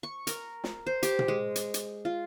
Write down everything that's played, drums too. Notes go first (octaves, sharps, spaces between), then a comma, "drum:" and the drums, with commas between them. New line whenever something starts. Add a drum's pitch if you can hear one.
C#6
A#4, drum: hi-hat
drum: snare
C5
G4, drum: hi-hat
drum: tom A#2
G#3
drum: hi-hat
drum: hi-hat
F4